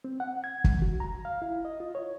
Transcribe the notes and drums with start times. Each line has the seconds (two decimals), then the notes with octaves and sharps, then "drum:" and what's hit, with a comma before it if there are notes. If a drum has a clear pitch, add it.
0.04 C4
0.20 F#5
0.44 G#6
0.64 drum: kick
0.82 F#4
1.00 A#5
1.25 F5
1.42 E4
1.65 D#5
1.80 F4
1.95 C#5